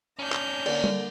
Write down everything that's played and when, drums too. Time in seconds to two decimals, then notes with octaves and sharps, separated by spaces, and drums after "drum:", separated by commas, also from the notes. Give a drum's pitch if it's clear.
0.19 C#4 D4 A#5 G6
0.32 drum: clap
0.66 D3 A#3 D5, drum: cymbal
0.84 drum: tom G3